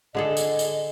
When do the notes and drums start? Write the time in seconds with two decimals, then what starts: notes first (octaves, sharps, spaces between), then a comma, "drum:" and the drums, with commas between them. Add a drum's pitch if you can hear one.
0.15 D3 G#4 A4 D#5
0.37 drum: tambourine
0.59 drum: tambourine